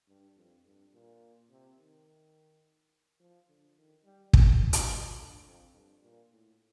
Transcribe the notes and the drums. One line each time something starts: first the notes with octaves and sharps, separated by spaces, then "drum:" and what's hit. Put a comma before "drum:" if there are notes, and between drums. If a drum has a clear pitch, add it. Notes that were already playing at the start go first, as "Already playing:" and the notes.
G2
F2
G2
A#2
C3
D#3
F3
D3
D#3
G3
F3, drum: kick
drum: hi-hat
F3
D3
F2
G2
A#2
A2